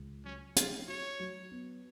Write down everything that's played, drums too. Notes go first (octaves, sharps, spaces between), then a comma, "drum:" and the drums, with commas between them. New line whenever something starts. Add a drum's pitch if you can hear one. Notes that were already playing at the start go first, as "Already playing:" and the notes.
Already playing: C#2
F#3 C#4
F#3 F4, drum: hi-hat
F#4 C#5
F#3
B3